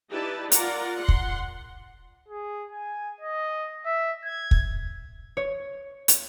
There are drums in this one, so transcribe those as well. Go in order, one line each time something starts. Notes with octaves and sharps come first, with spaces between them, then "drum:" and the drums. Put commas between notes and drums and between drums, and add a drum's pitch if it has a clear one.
D#4 E4 G4 B4 D5 A5
F4 A#4 D5 F#5 A#5, drum: hi-hat
F#5 C6
drum: kick
G#4
G#5
D#5
E5
G#6
drum: kick
C#5
drum: hi-hat